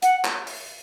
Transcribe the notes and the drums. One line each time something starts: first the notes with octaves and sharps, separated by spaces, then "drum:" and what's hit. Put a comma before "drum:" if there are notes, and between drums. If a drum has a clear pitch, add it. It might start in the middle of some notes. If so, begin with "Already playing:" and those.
F#5, drum: hi-hat
drum: clap
drum: open hi-hat